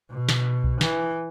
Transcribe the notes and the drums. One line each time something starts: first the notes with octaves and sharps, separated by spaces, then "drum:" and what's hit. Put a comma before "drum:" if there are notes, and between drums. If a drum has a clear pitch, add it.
B2
drum: snare
drum: kick B1
E3, drum: snare